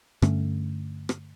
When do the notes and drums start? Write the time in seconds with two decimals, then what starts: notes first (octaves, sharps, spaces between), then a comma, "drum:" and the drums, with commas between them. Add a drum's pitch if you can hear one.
0.22 G2 D3 A3 C#4, drum: rim click
1.09 drum: rim click